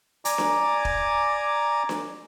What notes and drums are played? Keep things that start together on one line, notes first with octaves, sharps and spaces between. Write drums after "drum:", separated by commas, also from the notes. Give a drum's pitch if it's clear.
D5 G#5 A#5 D6, drum: hi-hat
drum: snare D4
drum: kick
drum: snare D4